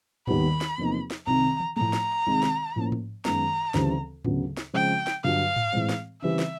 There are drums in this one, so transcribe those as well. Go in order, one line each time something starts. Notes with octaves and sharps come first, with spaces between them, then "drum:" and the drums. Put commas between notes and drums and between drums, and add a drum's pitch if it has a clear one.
D#2 D#3 G3 B3 B5, drum: tom G#2
drum: snare
E2 C3 F3 A#3 D#4
drum: snare
C2 C3 D#3 A#5
drum: tom
A2 F3 A3 A#5
drum: snare
C2 C3 D#3 G#3
drum: snare
A2 F3 A#3 C#4
drum: tom G#2
F#2 D#3 G#3 B3 A#5, drum: snare
D2 C#3 E3 G3 C4, drum: snare
D2 C#3 F#3 B3, drum: tom G#2
drum: snare
C#3 F3 G#3 C4 G5
drum: snare
G2 D3 F#3 F5
drum: tom G#2
A2 E3 G#3 C4
drum: snare
C#3 E3 G3 C4 E5
drum: snare